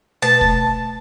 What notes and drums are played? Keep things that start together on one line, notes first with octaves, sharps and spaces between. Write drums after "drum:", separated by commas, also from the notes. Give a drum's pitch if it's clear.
B2 A3 B4 A5
drum: kick